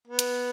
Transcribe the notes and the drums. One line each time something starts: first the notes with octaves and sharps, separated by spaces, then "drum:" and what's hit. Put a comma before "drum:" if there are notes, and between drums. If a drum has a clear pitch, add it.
B3
drum: hi-hat